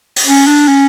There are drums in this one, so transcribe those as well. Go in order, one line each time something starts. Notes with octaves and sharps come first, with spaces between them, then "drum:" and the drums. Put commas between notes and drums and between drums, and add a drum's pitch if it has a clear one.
drum: open hi-hat
C#4
D4
C#4